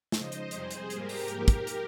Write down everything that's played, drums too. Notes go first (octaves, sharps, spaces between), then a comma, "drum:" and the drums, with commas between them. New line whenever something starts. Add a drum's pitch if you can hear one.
C#3 F3 G#3 D#4 C5 D#5, drum: snare
drum: hi-hat
F2 C3 G3 C4 D#4 G#4 C5, drum: hi-hat
drum: hi-hat
G#2 G3 A#3 G4 A#4, drum: hi-hat
drum: open hi-hat
G#2 F3 A#3 D#4, drum: hi-hat
drum: kick, hi-hat
drum: hi-hat